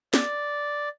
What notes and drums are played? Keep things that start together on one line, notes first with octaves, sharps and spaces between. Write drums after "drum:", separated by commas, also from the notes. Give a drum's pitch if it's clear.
D5, drum: snare